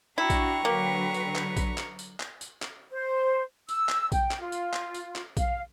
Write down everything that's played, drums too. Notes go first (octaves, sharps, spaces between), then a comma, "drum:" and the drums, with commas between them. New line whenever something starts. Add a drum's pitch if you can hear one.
D4 E4 F#4 G5 A#5 C#6
drum: kick A#1, tambourine
D3 F#3 A#3 B4
drum: tambourine
drum: clap
drum: kick A#1, tambourine
drum: clap
drum: tambourine
drum: clap
drum: tambourine
drum: clap
C5
E6, drum: tambourine
drum: clap
G5, drum: kick A#1, tambourine
drum: clap
F4
drum: tambourine
drum: clap
drum: tambourine
drum: clap
F5, drum: kick A#1, tambourine